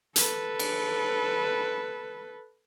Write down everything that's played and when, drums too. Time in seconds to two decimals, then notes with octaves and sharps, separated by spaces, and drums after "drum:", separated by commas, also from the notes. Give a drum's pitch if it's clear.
0.16 A4 B4, drum: hi-hat
0.59 drum: cymbal